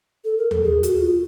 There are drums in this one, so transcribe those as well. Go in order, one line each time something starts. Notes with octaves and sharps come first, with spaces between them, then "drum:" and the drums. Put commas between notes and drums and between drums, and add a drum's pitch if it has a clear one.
A4
A#4
A4, drum: tom D#2
G#4
F#4, drum: hi-hat
F4